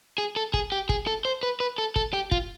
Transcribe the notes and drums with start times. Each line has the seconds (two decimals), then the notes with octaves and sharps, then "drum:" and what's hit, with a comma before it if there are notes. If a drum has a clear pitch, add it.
0.18 G#4
0.36 A4
0.54 G#4, drum: kick
0.72 G4
0.89 G#4, drum: kick
1.07 A4
1.25 C5
1.43 B4
1.60 B4
1.78 A4
1.96 A4, drum: kick
2.13 G4
2.31 F4, drum: kick